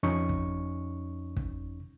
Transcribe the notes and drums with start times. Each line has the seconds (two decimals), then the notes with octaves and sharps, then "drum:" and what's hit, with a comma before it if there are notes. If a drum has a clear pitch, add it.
0.03 F2 C#4 D#4 C#6
0.29 drum: kick
1.36 drum: kick